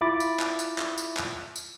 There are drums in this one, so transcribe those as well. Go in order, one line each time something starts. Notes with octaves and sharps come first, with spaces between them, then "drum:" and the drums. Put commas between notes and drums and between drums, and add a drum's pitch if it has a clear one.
E4 F4 E5 B5 D6 A6
drum: tambourine
drum: clap
drum: tambourine
drum: clap
drum: tambourine
drum: clap
drum: tambourine